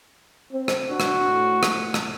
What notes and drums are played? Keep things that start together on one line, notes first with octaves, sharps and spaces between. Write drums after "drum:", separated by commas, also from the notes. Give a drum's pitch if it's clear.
C4
drum: rim click
D4 F#4
drum: rim click
A2
drum: rim click
drum: rim click